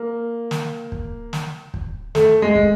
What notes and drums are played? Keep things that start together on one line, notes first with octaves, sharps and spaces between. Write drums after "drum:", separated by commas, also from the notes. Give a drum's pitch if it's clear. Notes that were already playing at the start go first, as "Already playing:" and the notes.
Already playing: A#3
drum: snare
drum: kick
drum: snare
drum: kick
A3, drum: snare
G#3
drum: kick